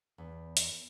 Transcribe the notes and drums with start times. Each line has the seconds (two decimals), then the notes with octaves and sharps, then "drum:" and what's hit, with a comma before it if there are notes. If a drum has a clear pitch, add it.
0.18 E2
0.57 drum: hi-hat